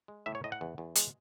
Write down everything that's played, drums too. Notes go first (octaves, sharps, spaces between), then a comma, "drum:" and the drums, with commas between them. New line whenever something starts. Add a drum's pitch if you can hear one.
G#3
A2 E5
C#5
A2 D#5
F#5
E2
E2
G#3, drum: hi-hat